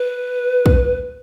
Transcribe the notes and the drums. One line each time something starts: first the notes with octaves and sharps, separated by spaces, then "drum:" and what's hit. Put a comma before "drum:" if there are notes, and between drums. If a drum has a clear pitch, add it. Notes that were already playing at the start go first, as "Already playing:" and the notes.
Already playing: B4
drum: kick